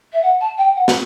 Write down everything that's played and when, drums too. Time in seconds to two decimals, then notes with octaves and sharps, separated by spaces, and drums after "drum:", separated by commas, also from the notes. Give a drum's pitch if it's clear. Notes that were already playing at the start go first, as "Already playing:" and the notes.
0.12 E5
0.22 F#5
0.40 A5
0.57 G5
0.75 F#5
0.88 drum: snare